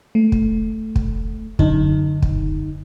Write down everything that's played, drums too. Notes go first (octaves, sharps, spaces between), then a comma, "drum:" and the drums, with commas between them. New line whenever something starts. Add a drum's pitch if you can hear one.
A3
drum: kick
drum: kick
F#2 D3 D#4, drum: kick
drum: kick